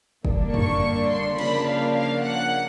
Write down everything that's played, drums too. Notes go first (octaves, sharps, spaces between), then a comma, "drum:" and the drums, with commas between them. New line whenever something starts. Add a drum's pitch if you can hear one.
D3 G3 A#3 D4, drum: kick
C#6, drum: tom F2
C6
C#3 F3 A#3 D4 B5, drum: cymbal
F5
F5
F#5